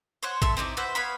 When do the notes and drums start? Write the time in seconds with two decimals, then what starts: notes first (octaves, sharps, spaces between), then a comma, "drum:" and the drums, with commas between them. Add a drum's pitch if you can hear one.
0.23 C5 C#5 F#5
0.42 A4 E5 C6, drum: kick
0.57 C4 D#4 E4 D5
0.77 F#4 B4 C5 E5
0.95 B3 C#5 F5 B5